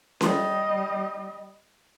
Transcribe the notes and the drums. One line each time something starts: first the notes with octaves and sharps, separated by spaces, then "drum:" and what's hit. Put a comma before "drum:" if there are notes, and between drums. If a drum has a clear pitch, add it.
G3 D#5, drum: snare C#4